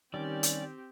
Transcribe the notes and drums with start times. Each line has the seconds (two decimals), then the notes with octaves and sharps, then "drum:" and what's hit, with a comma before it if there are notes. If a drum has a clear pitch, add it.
0.14 D#3 G3 C4 C#4 G4 D5
0.43 drum: hi-hat